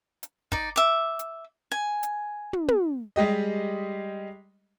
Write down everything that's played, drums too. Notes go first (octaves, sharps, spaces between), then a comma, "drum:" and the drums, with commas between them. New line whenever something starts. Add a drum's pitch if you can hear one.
drum: hi-hat
D#4 D5, drum: kick
E5 D6
drum: hi-hat
G#5
drum: hi-hat
drum: tom
drum: tom
G3 G#3 G4 D#5